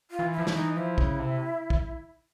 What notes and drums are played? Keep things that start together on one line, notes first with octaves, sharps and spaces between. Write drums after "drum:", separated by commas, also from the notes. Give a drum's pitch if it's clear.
F4
E3
E4
F3
E3, drum: snare
D#4
F3 E4
C#3, drum: kick
C3
drum: kick